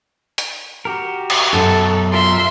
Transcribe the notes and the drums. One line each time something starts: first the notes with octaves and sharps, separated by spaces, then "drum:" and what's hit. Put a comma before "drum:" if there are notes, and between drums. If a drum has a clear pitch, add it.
drum: hi-hat
F#4 G4 A#4
drum: cymbal
F#2 B2 A4
F4 A#4 E5 C6